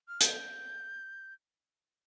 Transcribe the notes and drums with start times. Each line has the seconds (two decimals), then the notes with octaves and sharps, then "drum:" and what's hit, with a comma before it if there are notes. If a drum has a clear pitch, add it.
0.08 F6
0.21 G6, drum: hi-hat